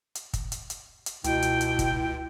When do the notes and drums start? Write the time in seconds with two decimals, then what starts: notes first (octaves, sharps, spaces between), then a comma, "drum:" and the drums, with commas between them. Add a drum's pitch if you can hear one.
0.15 drum: hi-hat
0.33 drum: kick, hi-hat
0.52 drum: hi-hat
0.70 drum: hi-hat
1.06 drum: hi-hat
1.24 C#2 B2 E4 G5, drum: hi-hat
1.42 drum: hi-hat
1.61 drum: hi-hat
1.79 drum: kick, hi-hat